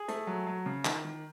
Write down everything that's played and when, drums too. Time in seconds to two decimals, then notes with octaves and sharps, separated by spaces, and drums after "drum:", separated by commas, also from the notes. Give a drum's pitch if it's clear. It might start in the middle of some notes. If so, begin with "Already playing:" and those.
Already playing: G#4
0.08 A3, drum: hi-hat
0.27 F#3
0.47 F#3
0.66 C#3
0.85 D#3, drum: clap
1.05 D#3